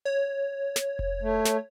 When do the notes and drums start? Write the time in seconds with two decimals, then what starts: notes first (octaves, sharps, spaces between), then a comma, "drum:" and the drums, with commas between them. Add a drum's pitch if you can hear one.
0.05 C#5
0.76 drum: snare
0.99 drum: kick F1
1.22 A3
1.45 drum: snare